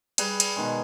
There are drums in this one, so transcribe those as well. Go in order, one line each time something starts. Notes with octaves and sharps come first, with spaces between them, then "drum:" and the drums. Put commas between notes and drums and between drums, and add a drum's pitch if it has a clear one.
G3 G#4 B4 B5, drum: cymbal
drum: cymbal
B2 D#3 G#3